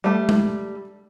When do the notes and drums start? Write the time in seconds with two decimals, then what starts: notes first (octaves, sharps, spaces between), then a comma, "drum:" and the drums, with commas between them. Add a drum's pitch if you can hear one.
0.04 G3 A3
0.29 drum: tom G#3